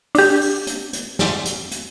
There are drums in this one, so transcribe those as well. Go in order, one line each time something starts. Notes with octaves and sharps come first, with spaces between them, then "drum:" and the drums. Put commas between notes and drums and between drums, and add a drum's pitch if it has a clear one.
D4 G4, drum: open hi-hat
drum: open hi-hat
drum: hi-hat
drum: hi-hat
drum: snare
drum: hi-hat
drum: hi-hat